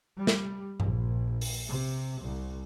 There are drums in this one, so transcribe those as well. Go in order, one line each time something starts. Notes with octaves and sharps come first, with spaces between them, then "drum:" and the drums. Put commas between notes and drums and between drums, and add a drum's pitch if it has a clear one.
G3
drum: snare
A#1, drum: tom G2
drum: open hi-hat
C3
C2